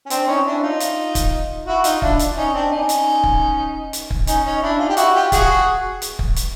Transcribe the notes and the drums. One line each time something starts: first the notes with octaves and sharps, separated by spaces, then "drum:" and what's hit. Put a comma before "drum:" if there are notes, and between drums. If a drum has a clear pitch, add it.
C#4
C4 D4, drum: hi-hat
C#4 D#4
D4 E4
D#4 F4
drum: hi-hat
drum: kick, hi-hat
E4 F#4
D#4 F4, drum: hi-hat
D4 E4, drum: kick
drum: hi-hat
C#4 D#4
C4 D4
C#4 D#4
drum: hi-hat
drum: kick
drum: hi-hat
drum: kick
C#4 D#4, drum: hi-hat
C#4 D#4
D4 E4
D#4 F4
G4
E4 F#4, drum: hi-hat
F4 G4
F#4 G#4, drum: kick, hi-hat
drum: hi-hat
drum: kick
drum: hi-hat